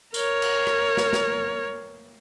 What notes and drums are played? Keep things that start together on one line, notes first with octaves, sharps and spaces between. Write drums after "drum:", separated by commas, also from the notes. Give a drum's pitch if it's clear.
A#4 C#5, drum: tambourine
drum: cymbal
drum: rim click
drum: snare
drum: snare